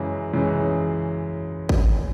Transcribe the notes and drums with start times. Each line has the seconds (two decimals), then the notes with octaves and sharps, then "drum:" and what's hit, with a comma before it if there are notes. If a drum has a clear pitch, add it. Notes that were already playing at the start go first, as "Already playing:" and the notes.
Already playing: F#2 C#3 E3 G#3
0.33 F#2 C#3 E3 G#3
1.69 drum: kick G#1